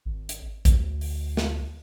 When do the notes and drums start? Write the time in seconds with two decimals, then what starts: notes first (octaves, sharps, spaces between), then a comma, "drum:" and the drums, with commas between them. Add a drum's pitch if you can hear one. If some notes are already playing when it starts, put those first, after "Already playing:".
0.05 G#1
0.29 drum: hi-hat
0.65 D2, drum: kick A#1, hi-hat
1.01 drum: open hi-hat
1.37 drum: snare